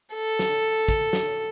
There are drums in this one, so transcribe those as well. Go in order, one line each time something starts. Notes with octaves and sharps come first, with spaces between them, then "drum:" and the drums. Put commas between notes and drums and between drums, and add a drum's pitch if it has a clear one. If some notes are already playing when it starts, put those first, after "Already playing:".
A4
drum: snare
drum: kick, hi-hat
drum: snare